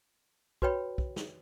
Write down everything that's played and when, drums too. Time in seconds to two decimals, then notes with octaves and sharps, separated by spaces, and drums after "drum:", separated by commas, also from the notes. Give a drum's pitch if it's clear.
0.62 F#4 B4 C#5 G5 B5, drum: kick
0.98 drum: kick
1.16 drum: snare